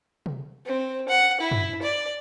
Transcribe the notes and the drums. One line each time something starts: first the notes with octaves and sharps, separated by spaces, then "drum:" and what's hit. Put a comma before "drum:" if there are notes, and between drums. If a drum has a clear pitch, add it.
drum: tom C3
C4
F#5
E4
drum: tom F#2
D5